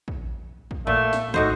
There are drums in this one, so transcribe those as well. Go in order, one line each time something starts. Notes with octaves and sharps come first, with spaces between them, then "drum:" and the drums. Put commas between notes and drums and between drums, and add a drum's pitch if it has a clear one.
drum: kick
drum: kick
A#2 A3
drum: snare
A2 D#4 F#4 C5, drum: kick